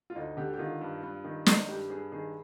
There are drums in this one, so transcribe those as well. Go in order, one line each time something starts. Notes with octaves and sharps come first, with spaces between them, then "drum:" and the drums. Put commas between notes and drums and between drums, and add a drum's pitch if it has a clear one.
F4
D2 D#4
D3 G4
G4
D#3 F4
G2
G2
D#3
D#3 D#4, drum: snare
G2 G4
G2 G#4
D#3 G#4